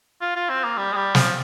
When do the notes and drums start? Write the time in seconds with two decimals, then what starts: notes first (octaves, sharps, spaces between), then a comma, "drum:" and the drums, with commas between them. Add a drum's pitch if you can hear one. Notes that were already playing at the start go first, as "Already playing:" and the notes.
0.21 F4
0.36 F4
0.49 C4
0.64 A#3
0.77 G3
0.92 G#3
0.96 G3
1.15 F3, drum: snare